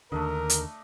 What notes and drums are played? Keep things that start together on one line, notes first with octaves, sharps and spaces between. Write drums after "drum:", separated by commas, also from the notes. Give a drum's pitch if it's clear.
D#2 D3 A3 D4 A#4 D#5
drum: hi-hat